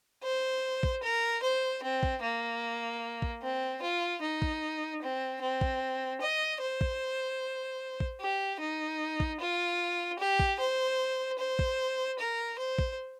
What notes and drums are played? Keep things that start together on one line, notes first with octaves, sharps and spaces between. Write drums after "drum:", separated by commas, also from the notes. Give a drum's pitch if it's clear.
C5
drum: kick
A#4
C5
C4
drum: kick
A#3
drum: kick
C4
F4
D#4
drum: kick
C4
C4
drum: kick
D#5
C5
drum: kick
drum: kick
G4
D#4
drum: kick
F4
G4
drum: kick
C5
C5
drum: kick
A#4
C5
drum: kick